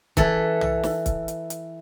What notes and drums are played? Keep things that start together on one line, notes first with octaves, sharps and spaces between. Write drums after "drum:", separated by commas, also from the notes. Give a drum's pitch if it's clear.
E3 A4, drum: kick, hi-hat
drum: tom
drum: snare
drum: kick, hi-hat
drum: hi-hat
drum: hi-hat